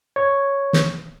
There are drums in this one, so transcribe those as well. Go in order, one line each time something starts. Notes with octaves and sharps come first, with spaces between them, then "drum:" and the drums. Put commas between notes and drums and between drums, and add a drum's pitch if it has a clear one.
C#5
drum: snare